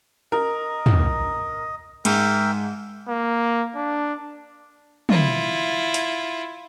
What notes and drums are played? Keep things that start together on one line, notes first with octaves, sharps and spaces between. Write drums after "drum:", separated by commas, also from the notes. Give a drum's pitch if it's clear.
A#4 D#5
drum: tom
G#2 A#4 E5 G5, drum: cymbal
A#3
D4
E4 F4, drum: tom
drum: hi-hat